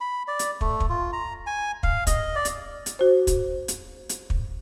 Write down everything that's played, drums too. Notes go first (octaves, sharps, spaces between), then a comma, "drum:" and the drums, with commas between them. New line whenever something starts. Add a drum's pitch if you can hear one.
B5
D5
drum: hi-hat
A3, drum: kick
drum: kick
F4
A#5
G#5
F5, drum: kick
D#5, drum: kick, hi-hat
D5
drum: hi-hat
drum: hi-hat
F#4 C5
drum: kick, hi-hat
drum: hi-hat
drum: hi-hat
drum: kick